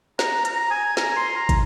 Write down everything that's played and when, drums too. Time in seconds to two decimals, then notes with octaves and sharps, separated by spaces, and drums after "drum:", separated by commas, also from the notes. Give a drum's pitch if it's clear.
0.19 A#5, drum: snare
0.45 A#5, drum: hi-hat
0.71 G#5
0.97 A#5, drum: snare
1.17 C6
1.36 A#5
1.49 drum: kick, hi-hat